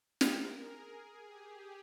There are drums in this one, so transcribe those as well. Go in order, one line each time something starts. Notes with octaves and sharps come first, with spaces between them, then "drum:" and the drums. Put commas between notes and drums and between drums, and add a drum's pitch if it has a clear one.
A#4, drum: snare
G#4
G#4
G4